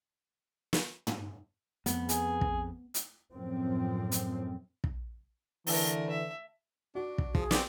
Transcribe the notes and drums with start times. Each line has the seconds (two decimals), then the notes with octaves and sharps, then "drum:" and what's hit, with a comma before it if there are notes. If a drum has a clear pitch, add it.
0.73 drum: snare
1.07 drum: tom
1.86 F2 B3, drum: hi-hat
2.09 G#4, drum: hi-hat
2.41 drum: kick
2.94 drum: hi-hat
3.35 F#2 A2 F3 C4
4.12 drum: hi-hat
4.84 drum: kick
5.67 D3 E3 A3 A#4, drum: open hi-hat
6.10 E5
6.95 D4 F#4
7.18 drum: kick
7.35 F3 G#4, drum: kick
7.51 C4 G4 D5, drum: snare